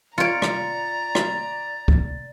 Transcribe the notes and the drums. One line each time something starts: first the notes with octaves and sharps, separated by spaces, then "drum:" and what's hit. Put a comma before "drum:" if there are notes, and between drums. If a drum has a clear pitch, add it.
F4 C#5 D5 A#5 C#7 D7
drum: rim click
drum: rim click
drum: kick